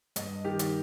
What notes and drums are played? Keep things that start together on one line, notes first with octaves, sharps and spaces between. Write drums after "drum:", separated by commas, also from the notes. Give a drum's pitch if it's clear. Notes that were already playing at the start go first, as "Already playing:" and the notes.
G2 D#5, drum: hi-hat
D#3 G4
drum: hi-hat